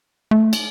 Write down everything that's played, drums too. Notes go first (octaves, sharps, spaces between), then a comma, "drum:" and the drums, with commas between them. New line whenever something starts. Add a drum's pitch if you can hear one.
A3
drum: cymbal